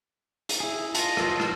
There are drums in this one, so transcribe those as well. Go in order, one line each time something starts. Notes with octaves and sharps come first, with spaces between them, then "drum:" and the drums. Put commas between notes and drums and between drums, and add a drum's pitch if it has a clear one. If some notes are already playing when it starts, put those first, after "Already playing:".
drum: hi-hat
E4 G#4
F4 D#5 A5, drum: hi-hat
drum: rim click
drum: rim click